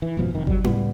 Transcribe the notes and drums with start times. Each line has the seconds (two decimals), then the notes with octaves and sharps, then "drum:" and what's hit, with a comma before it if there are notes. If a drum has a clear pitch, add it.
0.02 E3
0.17 G#1 F#2 B2 F3
0.31 F1 D#3
0.47 F#3 G3, drum: kick G1
0.64 C#2 A2 G3 B3, drum: tom E4